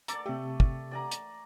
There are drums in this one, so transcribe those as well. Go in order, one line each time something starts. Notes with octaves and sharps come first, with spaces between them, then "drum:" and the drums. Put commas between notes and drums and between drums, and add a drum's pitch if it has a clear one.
A4 D5 A#5 D6 A6, drum: hi-hat
C3 A3 G4
drum: kick
D5 G#5 A#5
drum: hi-hat